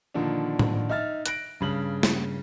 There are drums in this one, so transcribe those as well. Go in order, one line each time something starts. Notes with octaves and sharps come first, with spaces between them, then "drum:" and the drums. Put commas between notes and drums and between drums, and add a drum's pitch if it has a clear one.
A#2 D3 D#3 F3 D4
drum: tom A2
D#4 E5 F6 A6
F#6 A#6 D7, drum: hi-hat
G2 C#3 F#7
drum: snare